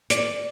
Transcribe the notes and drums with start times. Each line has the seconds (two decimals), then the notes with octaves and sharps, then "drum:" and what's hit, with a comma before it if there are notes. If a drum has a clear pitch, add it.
0.10 D5, drum: hi-hat